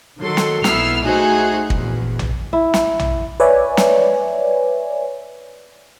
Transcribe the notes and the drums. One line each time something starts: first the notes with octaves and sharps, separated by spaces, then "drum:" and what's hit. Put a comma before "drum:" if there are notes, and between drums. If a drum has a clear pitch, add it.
D#3 F#3 A4 C6
drum: snare
B1 B3 E4 E6 F6 C7, drum: snare
A3 D#4 F#4 G#4 C5 F#6
A#1 E2, drum: kick
drum: tom A#1
E4
drum: snare
drum: tom A#1
B4 C#5 D5 E5 G#5
drum: snare